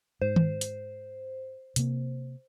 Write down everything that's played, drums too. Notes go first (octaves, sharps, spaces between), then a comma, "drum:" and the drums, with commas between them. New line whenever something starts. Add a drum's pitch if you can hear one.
G#2 C5
drum: tom D#3
drum: hi-hat
C3 A#3, drum: hi-hat